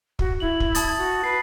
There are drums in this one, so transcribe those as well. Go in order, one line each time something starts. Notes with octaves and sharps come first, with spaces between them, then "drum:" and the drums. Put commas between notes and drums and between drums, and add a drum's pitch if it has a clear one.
F#4, drum: kick
E4 F#7
drum: kick
A5 D#6 A6, drum: hi-hat
F#4
B4 C7